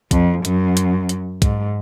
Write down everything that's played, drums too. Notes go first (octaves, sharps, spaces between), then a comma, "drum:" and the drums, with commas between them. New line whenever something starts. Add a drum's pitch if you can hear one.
F2, drum: kick, hi-hat
F#2, drum: hi-hat
drum: hi-hat
drum: hi-hat
G#2, drum: kick, hi-hat